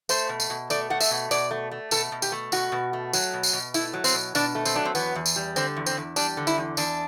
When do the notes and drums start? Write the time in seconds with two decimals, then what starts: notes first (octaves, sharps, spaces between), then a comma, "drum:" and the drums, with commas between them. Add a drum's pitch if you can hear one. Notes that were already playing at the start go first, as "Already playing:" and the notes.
0.09 A3 C5, drum: tambourine
0.29 B2
0.40 drum: tambourine
0.50 B2
0.70 A3 D5, drum: tambourine
0.90 A3 F#5
1.00 E5, drum: tambourine
1.11 B2
1.31 B2 D5, drum: tambourine
1.51 A3
1.71 A3
1.91 B2 A4, drum: tambourine
2.12 B2
2.22 G4, drum: tambourine
2.32 A3
2.52 B2 F#4, drum: tambourine
2.72 B2
2.93 A3
3.13 F#3, drum: tambourine
3.33 B2
3.43 drum: tambourine
3.53 B2
3.74 A3 E4, drum: tambourine
3.93 F#3
4.04 C4, drum: tambourine
4.14 B2
4.35 B2 D4, drum: tambourine
4.55 A3
4.65 C4, drum: tambourine
4.76 F#3 D4
4.85 C4
4.95 E2 B3, drum: tambourine
5.15 E2
5.26 drum: tambourine
5.36 G3
5.56 D3 C4, drum: tambourine
5.77 E2
5.86 C4, drum: tambourine
5.97 E2
6.16 G3 D4, drum: tambourine
6.37 D3
6.47 E4, drum: tambourine
6.58 E2
6.77 E2 D4, drum: tambourine